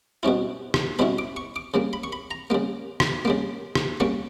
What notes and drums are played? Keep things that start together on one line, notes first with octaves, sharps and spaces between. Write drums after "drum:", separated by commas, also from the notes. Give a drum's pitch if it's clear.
B2 G3 C#4 E4
drum: rim click
B2 G3 C#4 E4 B5
D6
C#6
D6
C#3 G3 A#3
B5
C#6
B5
A#5
C#3 G3 A#3
drum: rim click
C#3 G3 A#3
drum: rim click
C#3 G3 A#3 C#6